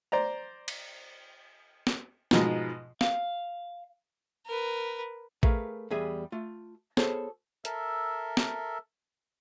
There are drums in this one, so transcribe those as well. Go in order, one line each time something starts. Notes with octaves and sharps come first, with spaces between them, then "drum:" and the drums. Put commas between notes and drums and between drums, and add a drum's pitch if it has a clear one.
C5 D5 A#5
drum: cymbal
drum: snare
G#2 B2 F3 G#3, drum: snare
F5, drum: snare
A#4 B4
A3 G#4 A#4 B4 F5, drum: kick A1
E2 G3 G#4 E5 G#5
A3 F4
B3 F4 G#4 A4 C5 C#5, drum: snare
A4 A#4 E5, drum: hi-hat
drum: snare